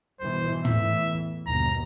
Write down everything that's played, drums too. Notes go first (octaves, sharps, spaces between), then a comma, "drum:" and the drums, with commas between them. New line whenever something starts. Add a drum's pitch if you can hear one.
G2 B2 E3 C5
E2 A2 E3 E5, drum: tom
G1 D#2 B2 A#5